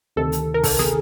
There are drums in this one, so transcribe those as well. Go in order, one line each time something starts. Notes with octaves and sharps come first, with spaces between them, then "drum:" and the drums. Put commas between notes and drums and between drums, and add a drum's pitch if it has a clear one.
D2 C3 D#3 A4
drum: hi-hat
A#4
A4, drum: kick, open hi-hat
G#4, drum: snare